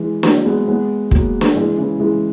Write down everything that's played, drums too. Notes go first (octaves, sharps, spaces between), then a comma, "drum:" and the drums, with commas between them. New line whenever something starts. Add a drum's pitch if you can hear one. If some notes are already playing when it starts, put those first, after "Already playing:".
Already playing: E3 G#3
F#3 A#3, drum: snare
G#3 B3
G#3 B3
F#3 A#3, drum: kick
drum: snare
E3 G#3
C#3 E3
E3 G#3